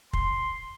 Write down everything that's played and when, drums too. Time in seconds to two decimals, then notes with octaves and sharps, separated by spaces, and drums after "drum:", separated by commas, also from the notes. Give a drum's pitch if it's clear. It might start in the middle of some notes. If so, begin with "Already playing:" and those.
0.13 C6, drum: kick